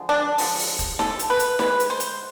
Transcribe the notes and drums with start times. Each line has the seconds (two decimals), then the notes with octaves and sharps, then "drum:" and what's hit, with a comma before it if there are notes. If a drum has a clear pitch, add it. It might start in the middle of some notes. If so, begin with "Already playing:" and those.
Already playing: D3 F3 G#3
0.09 D4
0.38 D3 F3 G#3, drum: open hi-hat
0.59 drum: open hi-hat
0.79 drum: kick, hi-hat
0.99 D3 F3 G#3 A4, drum: snare
1.19 drum: hi-hat
1.30 B4
1.39 drum: hi-hat
1.59 D3 F3 G#3 B4, drum: snare
1.80 drum: hi-hat
1.90 C5
2.00 drum: hi-hat